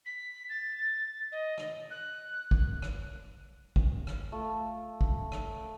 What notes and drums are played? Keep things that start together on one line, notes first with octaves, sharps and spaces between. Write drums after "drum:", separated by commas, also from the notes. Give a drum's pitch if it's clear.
B6
A6
D#5
drum: rim click
F#6
drum: kick
drum: rim click
drum: kick
drum: rim click
A3 F4
drum: kick
drum: rim click